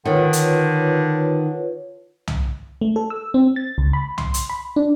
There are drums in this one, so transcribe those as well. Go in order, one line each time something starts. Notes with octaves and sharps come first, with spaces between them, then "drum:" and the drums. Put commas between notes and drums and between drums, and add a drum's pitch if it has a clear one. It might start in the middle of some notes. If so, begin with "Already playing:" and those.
D3 D#3 F4 B4 C#5
drum: hi-hat
drum: tom C2
A3
A4
E6
C4
A6
C#2
B5
C6, drum: tom C2
drum: hi-hat
B5
D4